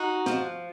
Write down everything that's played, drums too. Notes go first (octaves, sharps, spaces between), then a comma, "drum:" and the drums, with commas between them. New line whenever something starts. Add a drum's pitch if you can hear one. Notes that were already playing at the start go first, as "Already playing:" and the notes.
Already playing: D#4 F#4
F3, drum: snare